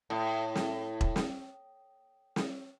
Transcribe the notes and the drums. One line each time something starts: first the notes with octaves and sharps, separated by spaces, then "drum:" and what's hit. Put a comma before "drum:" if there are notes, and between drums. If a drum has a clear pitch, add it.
A2
drum: snare
drum: kick E1
drum: snare
drum: snare